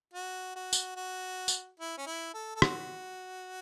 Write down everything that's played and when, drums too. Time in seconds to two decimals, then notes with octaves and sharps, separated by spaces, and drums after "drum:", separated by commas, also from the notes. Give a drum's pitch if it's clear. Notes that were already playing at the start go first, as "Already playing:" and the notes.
0.14 F#4
0.56 F#4
0.73 drum: tambourine
0.96 F#4
1.48 drum: tambourine
1.80 E4
1.97 C#4
2.06 E4
2.34 A4
2.56 A4
2.62 F#4, drum: rim click